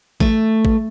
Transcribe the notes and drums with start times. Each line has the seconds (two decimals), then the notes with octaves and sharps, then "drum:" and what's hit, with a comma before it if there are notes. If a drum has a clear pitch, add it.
0.20 A3, drum: kick A1
0.65 drum: kick A1